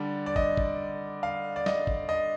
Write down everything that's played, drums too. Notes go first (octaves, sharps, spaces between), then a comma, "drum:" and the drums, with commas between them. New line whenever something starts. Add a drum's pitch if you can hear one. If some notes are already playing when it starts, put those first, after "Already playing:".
Already playing: D3 G3 D5
D5
D#5, drum: kick
drum: kick
F5
D5
D#5, drum: snare
drum: kick
D#5